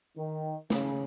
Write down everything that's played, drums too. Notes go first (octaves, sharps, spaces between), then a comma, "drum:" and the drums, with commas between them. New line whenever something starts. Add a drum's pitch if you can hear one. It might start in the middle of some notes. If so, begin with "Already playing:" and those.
D#3
C#3, drum: snare